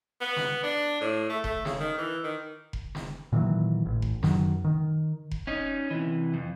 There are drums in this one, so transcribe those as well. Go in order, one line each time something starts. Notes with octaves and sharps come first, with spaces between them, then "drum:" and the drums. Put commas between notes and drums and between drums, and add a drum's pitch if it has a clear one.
B3
drum: snare
D4
A2
A3
A3, drum: kick F1
C#3, drum: snare
D#3
E3
D#3
drum: kick F1
drum: snare
A#2 D#3 E3 F#3
A1
drum: kick F1
F#2 D#3 F#3, drum: snare
D#3
drum: kick F1
C#4 D#4
C3 E3
F2